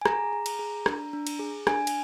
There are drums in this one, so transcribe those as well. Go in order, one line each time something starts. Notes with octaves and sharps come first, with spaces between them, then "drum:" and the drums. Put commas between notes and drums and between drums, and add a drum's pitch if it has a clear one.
G#5
G#4 A#5, drum: rim click
G#4
drum: cymbal
G#4
D4, drum: rim click
D4
drum: cymbal
G#4
D4 G#5, drum: rim click
drum: cymbal